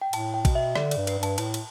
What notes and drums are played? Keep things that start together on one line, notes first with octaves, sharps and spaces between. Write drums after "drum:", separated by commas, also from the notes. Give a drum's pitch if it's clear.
G5
A2 A5, drum: cymbal
G5
B2, drum: kick A1, cymbal
E5
D3 D5, drum: rim click
D5, drum: cymbal
G2
B4, drum: cymbal
G2
A5, drum: cymbal
A2 A5, drum: cymbal
drum: cymbal